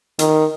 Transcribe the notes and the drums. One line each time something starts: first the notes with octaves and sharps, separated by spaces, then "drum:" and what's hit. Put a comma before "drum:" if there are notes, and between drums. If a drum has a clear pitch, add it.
D#3, drum: hi-hat